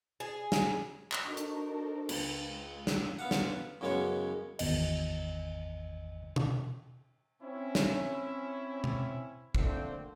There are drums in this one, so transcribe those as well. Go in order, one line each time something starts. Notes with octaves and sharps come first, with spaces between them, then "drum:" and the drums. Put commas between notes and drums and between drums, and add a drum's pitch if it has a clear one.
G#4
drum: snare
drum: clap
D4 D#4 F#4 A4 A#4 C5 C#6
drum: hi-hat
C#2 B4, drum: cymbal
G#3
drum: snare
B3 F5 F#5
drum: snare
A1 F#2 C#3 G#3 B3 C#5
G#1 E2 D#5, drum: cymbal
drum: tom B2
C4 C#4 E4
drum: snare
drum: tom B2
D3 F3 A3 A#3 C4, drum: kick